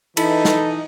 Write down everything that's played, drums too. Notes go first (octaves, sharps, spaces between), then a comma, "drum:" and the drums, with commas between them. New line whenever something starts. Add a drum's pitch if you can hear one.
E3 D#4 E4 A4, drum: cymbal
drum: snare